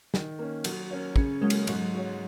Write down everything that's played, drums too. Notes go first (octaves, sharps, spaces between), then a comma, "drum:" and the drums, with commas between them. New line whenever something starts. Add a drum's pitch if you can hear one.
D#3, drum: snare
A#3 C#4
F#3, drum: cymbal
C#4 A#4 C#5
C#3 C#4, drum: kick
F#3 G#3 A#3 C#4
drum: cymbal
G#2 F#3, drum: cymbal
G#3 F#4 C#5